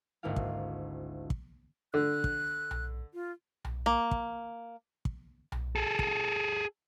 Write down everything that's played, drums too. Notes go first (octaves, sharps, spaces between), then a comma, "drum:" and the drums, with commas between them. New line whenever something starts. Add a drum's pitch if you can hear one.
G#1 D2 A#3 E4 F5
drum: kick
drum: kick
D3 F#6
drum: kick
drum: tom B1
F4
drum: tom B1
A#3
drum: kick
drum: kick
drum: tom B1
G#4 A4
drum: kick